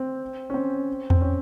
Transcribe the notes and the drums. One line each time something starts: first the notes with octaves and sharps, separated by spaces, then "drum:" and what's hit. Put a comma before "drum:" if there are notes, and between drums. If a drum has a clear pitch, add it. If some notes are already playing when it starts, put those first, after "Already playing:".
Already playing: C4
C#4
C4
C4, drum: tom E2
C#4